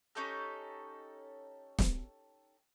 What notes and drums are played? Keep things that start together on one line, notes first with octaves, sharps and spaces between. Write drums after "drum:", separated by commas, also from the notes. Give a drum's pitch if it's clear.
C#4 D#4 G4 A4
drum: snare